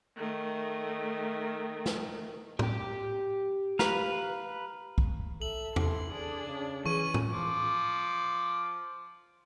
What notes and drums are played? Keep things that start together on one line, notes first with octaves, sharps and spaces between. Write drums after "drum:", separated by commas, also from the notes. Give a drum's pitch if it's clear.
D#3 A3
drum: snare
G4 G5, drum: tom A2
B4 F5 A#5, drum: snare
drum: kick B1
A4 E5 F#7
E3 C6, drum: tom E2
D4 G#4
C#3
E3 C#4 G#4 C#6 D#7
drum: tom A2
F3 D6